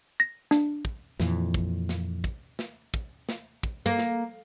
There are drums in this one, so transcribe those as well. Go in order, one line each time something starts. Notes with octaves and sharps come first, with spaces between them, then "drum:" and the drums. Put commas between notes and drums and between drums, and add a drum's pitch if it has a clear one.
A#6
D4, drum: snare
drum: kick
F2 A#2 E3, drum: snare
drum: kick
drum: snare
drum: kick
drum: snare
drum: kick
drum: snare
drum: kick
A#3
drum: snare